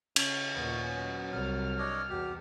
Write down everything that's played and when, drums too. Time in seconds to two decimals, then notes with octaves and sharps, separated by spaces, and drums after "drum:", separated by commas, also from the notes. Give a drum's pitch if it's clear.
0.16 C#3 C#4, drum: cymbal
0.54 D#2 A#2 B3
0.93 F#3
1.33 C2 F6
1.78 D4 C#5 D#5
2.09 E2 F#4 G4